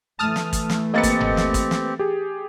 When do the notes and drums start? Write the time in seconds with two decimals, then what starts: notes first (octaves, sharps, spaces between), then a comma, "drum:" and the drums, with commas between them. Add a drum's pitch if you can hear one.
0.19 E3 A3 A5 D#6 F6
0.36 drum: snare
0.53 drum: kick, hi-hat
0.70 drum: snare
0.94 A#3 C4 G4 B4 D#5 A6 C#7
1.03 drum: kick, hi-hat
1.20 drum: tom F#1
1.37 drum: snare
1.54 drum: kick, hi-hat
1.71 drum: snare
1.99 G4 G#4